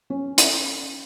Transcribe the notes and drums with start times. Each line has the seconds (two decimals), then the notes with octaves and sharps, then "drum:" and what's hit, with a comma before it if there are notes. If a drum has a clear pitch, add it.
0.10 C#4
0.38 drum: hi-hat